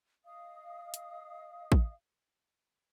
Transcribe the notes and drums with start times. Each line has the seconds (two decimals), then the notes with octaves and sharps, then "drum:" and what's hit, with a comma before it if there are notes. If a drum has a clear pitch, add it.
0.25 D#5 F5 D#6
0.94 drum: hi-hat
1.72 drum: kick